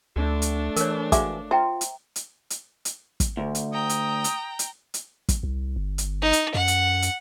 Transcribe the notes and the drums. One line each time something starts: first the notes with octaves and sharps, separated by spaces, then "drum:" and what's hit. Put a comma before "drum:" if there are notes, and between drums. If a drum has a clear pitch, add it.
D2 A3 D4
drum: hi-hat
E3 A#4 C#5, drum: hi-hat
G#3 F#4 E5 F5 D6, drum: kick, hi-hat
F4 C5 E5 G5 A#5
drum: hi-hat
drum: hi-hat
drum: hi-hat
drum: hi-hat
drum: kick, hi-hat
D2
drum: hi-hat
G5 A#5 D#6
drum: hi-hat
drum: hi-hat
drum: hi-hat
drum: hi-hat
drum: kick, hi-hat
C2
G1
drum: hi-hat
D#4
drum: hi-hat
F#2 F#5
drum: hi-hat
drum: hi-hat